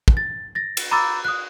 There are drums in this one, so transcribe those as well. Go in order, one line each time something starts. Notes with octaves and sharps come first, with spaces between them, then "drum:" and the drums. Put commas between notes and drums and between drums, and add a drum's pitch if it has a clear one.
drum: kick
A6
A6 A#6
drum: cymbal
A#5 B5 D6 E6 A6
D#6 F#6